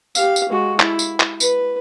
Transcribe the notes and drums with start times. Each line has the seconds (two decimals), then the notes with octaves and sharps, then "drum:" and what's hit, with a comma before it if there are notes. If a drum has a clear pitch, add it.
0.15 G4 F5, drum: tambourine
0.36 drum: tambourine
0.49 G#3 F#4
0.80 E4, drum: clap
0.99 drum: tambourine
1.20 drum: clap
1.40 B4, drum: tambourine